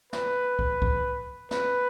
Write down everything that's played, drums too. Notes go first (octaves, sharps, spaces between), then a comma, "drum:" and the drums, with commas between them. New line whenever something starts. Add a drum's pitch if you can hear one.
B4, drum: snare
drum: kick
drum: kick
B4, drum: snare